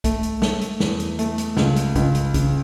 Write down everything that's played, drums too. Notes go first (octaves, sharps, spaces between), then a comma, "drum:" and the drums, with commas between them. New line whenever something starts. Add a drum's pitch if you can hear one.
A3, drum: kick B1, hi-hat
drum: hi-hat
A3, drum: snare
drum: hi-hat
E2, drum: snare
drum: hi-hat
A3, drum: hi-hat
drum: hi-hat
C#2, drum: snare
drum: hi-hat
C#2, drum: kick B1, hi-hat
drum: hi-hat
C#3, drum: kick B1, hi-hat